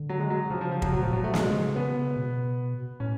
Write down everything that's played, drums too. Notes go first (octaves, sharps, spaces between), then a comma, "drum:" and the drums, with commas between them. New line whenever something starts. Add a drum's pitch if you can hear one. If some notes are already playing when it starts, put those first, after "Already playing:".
Already playing: D3
F#3
G#3
F#3
C#3 F3
F3
F3
F#3, drum: kick
B2 F#3
A2 F3
A2 F#3
B2 A3
C#3 G#3, drum: snare
B3
B2
A2 C#4